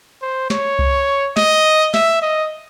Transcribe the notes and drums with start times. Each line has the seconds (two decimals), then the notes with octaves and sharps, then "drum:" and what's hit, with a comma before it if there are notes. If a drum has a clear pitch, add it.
0.22 C5
0.50 C#5, drum: snare
0.79 drum: kick C2
1.37 D#5, drum: snare
1.94 E5, drum: snare
2.22 D#5